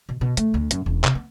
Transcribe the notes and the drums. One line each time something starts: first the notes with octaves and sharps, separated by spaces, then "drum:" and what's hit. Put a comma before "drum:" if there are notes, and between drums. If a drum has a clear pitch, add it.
B2
B2
A3, drum: hi-hat
D2
F#2, drum: hi-hat
E1
C3, drum: clap
B3